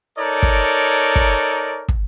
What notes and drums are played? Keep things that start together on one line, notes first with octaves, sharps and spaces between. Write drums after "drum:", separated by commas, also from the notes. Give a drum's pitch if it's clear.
D#4 A4 A#4 C#5 D5
drum: kick
drum: kick
drum: kick